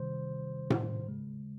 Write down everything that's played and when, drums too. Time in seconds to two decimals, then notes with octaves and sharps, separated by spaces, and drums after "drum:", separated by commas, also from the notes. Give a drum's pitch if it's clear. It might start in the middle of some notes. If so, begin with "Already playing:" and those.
Already playing: C3 D#3 G3 C5
0.70 drum: tom A2
1.06 C#3 G#3